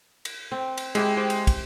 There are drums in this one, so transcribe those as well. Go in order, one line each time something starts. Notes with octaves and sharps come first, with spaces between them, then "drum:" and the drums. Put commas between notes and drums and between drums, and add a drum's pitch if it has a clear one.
drum: cymbal
C4
drum: cymbal
G#3 E4 G4 E5, drum: cymbal
C4 G4 C5
drum: cymbal
drum: kick, cymbal